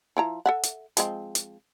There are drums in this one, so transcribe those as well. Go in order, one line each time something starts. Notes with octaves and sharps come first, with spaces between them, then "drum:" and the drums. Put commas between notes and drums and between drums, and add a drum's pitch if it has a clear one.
F3 E4 A#5
A4 E5 F#5
drum: hi-hat
F3 G#3 C4, drum: hi-hat
drum: hi-hat